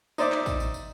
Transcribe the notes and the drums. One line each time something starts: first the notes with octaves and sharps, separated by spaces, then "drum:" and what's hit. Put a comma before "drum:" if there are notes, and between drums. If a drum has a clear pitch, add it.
D#4 C5 D5 E5 D6, drum: tambourine
drum: clap
drum: kick, tambourine
drum: tambourine
drum: tambourine